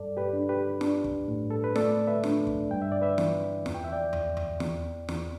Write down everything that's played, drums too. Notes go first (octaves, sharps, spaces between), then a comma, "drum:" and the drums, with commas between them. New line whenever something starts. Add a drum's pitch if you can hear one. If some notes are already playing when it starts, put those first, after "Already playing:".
Already playing: G2 A4 D5
G4 B4
D4
G4 B4
D4, drum: snare
drum: kick
A2
A4
B4
A3 A4 D5, drum: snare
B4 E5
D4, drum: snare
drum: kick
G2 G5
E5
D5
B4 E5
E3, drum: snare
E2, drum: snare
G5
E5
D5 G5
E2, drum: tom E2
drum: tom E2
E2, drum: snare
E2, drum: snare